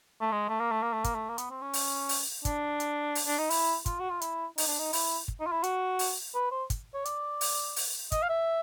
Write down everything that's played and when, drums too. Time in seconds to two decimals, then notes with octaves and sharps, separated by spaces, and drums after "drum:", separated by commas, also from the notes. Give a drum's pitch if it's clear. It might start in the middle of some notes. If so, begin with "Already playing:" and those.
0.21 A3
0.32 G#3
0.49 A3
0.60 A#3
0.71 A3
0.83 A#3
0.93 A3
1.04 A#3, drum: kick, hi-hat
1.15 A3
1.29 A#3
1.38 B3, drum: hi-hat
1.50 C4
1.62 C#4
1.73 drum: open hi-hat
2.09 drum: open hi-hat
2.45 D4, drum: kick, hi-hat
2.80 drum: hi-hat
3.15 drum: open hi-hat
3.27 D4
3.38 D#4
3.50 E4, drum: open hi-hat
3.86 F4, drum: kick, hi-hat
4.00 F#4
4.10 F4
4.21 E4, drum: hi-hat
4.58 D#4, drum: open hi-hat
4.68 D4
4.79 D#4
4.93 E4, drum: open hi-hat
5.28 drum: kick
5.40 D#4
5.47 F4
5.52 E4
5.64 F#4, drum: hi-hat
5.99 drum: open hi-hat
6.35 B4
6.52 C5
6.70 drum: kick, hi-hat
6.95 C#5
7.05 D5, drum: hi-hat
7.41 drum: open hi-hat
7.76 drum: open hi-hat
8.12 D#5, drum: kick, hi-hat
8.22 F5
8.30 E5